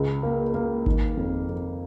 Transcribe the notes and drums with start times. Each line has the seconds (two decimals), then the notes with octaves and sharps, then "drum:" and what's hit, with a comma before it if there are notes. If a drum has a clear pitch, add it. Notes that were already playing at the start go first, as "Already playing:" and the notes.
Already playing: C#2
0.23 A#3
0.54 A#3
0.86 D#3, drum: kick G#1
1.17 F2
1.49 F2